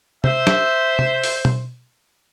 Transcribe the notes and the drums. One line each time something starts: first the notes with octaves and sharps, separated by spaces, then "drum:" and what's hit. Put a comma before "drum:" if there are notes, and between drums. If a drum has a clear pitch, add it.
C5 E5, drum: tom C3
drum: snare
drum: tom C3
drum: open hi-hat
drum: tom